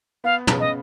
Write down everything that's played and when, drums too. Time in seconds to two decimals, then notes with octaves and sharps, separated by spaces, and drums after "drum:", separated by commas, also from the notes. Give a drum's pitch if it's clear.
0.24 B3 F5
0.47 C#3, drum: tom
0.60 D#5